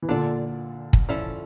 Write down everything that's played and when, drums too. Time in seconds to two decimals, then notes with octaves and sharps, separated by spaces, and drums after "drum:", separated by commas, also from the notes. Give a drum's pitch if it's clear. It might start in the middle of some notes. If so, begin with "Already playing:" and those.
0.03 E3
0.09 A#2 D3 D4 F4 A4 D5
0.93 drum: kick
1.09 F3 C#4 E4 A4 D5